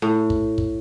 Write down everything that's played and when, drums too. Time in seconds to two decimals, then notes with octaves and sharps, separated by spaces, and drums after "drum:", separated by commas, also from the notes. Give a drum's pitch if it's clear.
0.02 A2
0.30 drum: kick
0.58 drum: kick